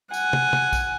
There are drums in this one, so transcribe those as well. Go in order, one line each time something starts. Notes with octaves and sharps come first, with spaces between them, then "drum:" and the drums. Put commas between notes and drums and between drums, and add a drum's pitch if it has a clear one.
F#5 G#5, drum: tambourine
drum: tom
drum: tom
drum: kick, tambourine